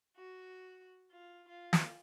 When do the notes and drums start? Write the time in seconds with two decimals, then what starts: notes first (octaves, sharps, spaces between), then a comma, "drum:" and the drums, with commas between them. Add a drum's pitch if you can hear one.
0.17 F#4
1.11 F4
1.48 F4
1.73 drum: snare